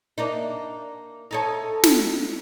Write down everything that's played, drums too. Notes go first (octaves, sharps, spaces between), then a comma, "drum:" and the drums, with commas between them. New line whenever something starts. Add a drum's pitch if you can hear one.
A#3 D4 D#4
D#4 A4 C#5
drum: snare